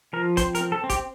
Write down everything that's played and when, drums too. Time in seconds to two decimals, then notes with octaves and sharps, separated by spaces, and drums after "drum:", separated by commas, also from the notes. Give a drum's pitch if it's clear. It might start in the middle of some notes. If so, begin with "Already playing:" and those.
0.13 F3 A#4
0.37 C4 C5, drum: kick F1, hi-hat
0.55 A#4, drum: hi-hat
0.61 C4
0.72 A4
0.84 C4
0.89 G4, drum: kick F1, hi-hat